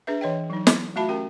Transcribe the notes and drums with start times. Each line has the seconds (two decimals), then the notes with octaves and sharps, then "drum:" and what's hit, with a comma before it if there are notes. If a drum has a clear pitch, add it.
0.07 D4 G#4 B4 E5
0.21 E3 C#5 D#5 G5
0.50 F#3 D#4
0.67 E4, drum: snare
0.96 A3 F4 F#4 E5 A5 B5
1.09 C#4 G4 A#4 G5